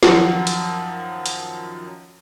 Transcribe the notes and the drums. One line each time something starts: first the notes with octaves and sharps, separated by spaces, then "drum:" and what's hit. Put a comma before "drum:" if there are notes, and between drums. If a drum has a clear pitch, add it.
F#2 D#3 F3 F#3, drum: snare
drum: hi-hat
drum: hi-hat